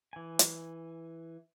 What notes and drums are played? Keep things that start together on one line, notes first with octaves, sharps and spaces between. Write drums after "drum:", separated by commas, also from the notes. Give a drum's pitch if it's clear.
E3 G#5
drum: hi-hat